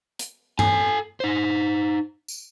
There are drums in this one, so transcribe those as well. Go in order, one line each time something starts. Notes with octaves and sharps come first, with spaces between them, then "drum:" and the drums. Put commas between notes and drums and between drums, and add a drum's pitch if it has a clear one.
drum: hi-hat
A4 G#5, drum: tom G2
D#4 C5
drum: tambourine